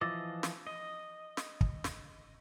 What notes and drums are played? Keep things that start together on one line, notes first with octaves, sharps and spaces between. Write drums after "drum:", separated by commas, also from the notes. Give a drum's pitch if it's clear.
E3 F3 D#5 D6 E6 A6
drum: snare
D#5
drum: snare
drum: kick
drum: snare